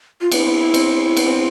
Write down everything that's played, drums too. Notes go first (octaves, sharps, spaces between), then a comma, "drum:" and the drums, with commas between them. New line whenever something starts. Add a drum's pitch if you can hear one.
F4
B3 F4, drum: cymbal
C4 E4
B3
C4, drum: cymbal
B3, drum: cymbal
C4